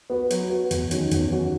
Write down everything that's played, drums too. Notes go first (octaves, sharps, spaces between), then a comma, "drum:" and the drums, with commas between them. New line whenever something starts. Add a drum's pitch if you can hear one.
B3 F#4
F#3, drum: hi-hat
B3 F#4
E2, drum: hi-hat
D#3 F#3 C#4 F#4, drum: hi-hat
E2, drum: hi-hat
D#3 F#3 C#4 F#4